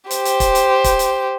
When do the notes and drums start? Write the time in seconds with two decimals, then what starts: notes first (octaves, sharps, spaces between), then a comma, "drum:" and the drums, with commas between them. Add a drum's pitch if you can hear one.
0.11 G4 C5, drum: hi-hat
0.25 drum: hi-hat
0.40 drum: kick, hi-hat
0.55 drum: hi-hat
0.84 drum: kick, hi-hat
0.99 drum: hi-hat